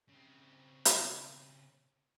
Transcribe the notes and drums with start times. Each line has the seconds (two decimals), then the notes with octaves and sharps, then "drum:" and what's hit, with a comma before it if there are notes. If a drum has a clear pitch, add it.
0.09 C#3 C4
0.85 drum: hi-hat